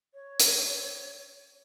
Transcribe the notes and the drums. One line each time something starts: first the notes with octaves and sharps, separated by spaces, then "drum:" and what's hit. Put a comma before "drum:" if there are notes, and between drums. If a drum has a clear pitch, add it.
C#5
drum: hi-hat